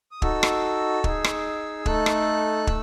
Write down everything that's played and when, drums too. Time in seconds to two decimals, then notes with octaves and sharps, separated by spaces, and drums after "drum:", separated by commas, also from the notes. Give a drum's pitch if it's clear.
0.11 D#6
0.22 D#4 F#4 A4 E6, drum: kick
0.43 drum: rim click
1.04 D#4 G#4, drum: kick
1.24 drum: rim click
1.86 A3 D#4 A4 F#6, drum: kick
2.06 drum: rim click
2.67 A3 E6, drum: kick